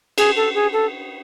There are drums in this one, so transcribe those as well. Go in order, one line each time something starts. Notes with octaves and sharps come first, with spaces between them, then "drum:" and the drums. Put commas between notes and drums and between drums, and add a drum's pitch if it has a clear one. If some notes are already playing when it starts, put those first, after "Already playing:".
G#4, drum: cymbal
A4
G#4
A4